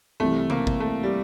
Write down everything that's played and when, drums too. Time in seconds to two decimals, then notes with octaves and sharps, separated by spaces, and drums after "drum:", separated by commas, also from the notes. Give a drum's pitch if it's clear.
0.20 C2 C3 E3 A3
0.50 A#3, drum: tom C3
0.67 drum: kick G#1
0.80 A3
1.03 G3